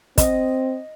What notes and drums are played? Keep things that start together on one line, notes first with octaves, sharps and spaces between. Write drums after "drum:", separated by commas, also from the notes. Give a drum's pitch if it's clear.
C4 D#5, drum: kick, hi-hat